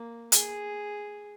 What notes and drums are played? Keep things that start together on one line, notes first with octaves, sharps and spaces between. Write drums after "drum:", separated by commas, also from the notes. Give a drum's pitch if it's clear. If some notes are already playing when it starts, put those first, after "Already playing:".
Already playing: A#3
G#4, drum: hi-hat